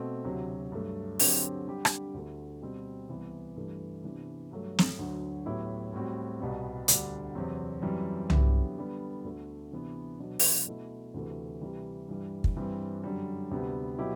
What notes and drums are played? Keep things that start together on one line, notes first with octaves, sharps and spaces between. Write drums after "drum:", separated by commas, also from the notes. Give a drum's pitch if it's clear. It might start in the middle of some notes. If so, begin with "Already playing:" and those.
Already playing: B2 A3 C4
D2 C3 F#3
G2 F#3 A3
D3 F#3 C4 G4, drum: open hi-hat
D3 G3 D4 G4
drum: rim click
D2 D3 A3
B2 G3 C4
C2 C3 E3 B3
G2 E3 A3
C3 E3 B3 D4
G2 F#3 A3
drum: snare
D2 D3 F#3
A2 F#3 B3 E4 G4
A2 G3 C4 F#4
C2 B2 G3 B3
D2 D3 G3 D4, drum: hi-hat
E2 C3 F#3 C4
F#2 E3 G3 C4
D3 F#3 B3 E4 G4, drum: tom C2
D3 G3 B3
D2 D3 A3
C3 E3 B3 D4
B2 F#3 B3 D4
drum: open hi-hat
B2 A3 E4
D2 C3 E3 A3
C3 E3 G3
G2 E3 G3
drum: kick
G2 E3 G3 C4
F#2 D3 G3
D2 C3 G3 B3
B2 F#3 B3 E4 G4